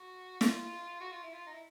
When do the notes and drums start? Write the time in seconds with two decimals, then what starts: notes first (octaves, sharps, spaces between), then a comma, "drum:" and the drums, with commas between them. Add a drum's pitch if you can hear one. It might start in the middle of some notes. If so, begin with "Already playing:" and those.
Already playing: F#4
0.41 F4, drum: snare
1.01 F#4
1.12 F4
1.23 E4
1.33 F4
1.46 D#4
1.54 E4